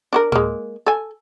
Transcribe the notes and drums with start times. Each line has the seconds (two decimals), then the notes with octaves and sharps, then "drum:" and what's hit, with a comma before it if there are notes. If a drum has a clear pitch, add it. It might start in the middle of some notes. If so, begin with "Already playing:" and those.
0.13 D4 F#4 A#4
0.32 G#3 A#3, drum: tom A2
0.86 A4 G#5